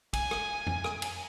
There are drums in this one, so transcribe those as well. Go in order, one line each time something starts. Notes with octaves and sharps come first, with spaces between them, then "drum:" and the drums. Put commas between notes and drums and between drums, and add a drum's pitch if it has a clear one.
G#5, drum: kick, cymbal
drum: rim click
drum: tom F2
drum: rim click
drum: cymbal